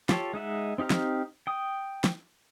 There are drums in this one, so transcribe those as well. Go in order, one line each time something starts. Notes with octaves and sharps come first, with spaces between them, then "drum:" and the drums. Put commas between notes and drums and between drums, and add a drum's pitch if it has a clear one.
F4 G4 A4 C#5, drum: snare
G#3 D#4 E5 F#5
C4 D#4 G4 F5 A#5
drum: snare
G5 D#6
drum: snare